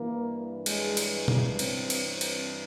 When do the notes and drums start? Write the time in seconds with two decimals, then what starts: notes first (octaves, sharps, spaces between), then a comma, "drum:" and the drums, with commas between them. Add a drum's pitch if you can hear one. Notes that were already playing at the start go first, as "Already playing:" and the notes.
Already playing: G2 E3 A#3
0.66 G#3, drum: cymbal
0.97 drum: cymbal
1.12 G#3
1.28 drum: tom B2
1.59 C4, drum: cymbal
1.90 drum: cymbal
2.06 C4
2.21 drum: cymbal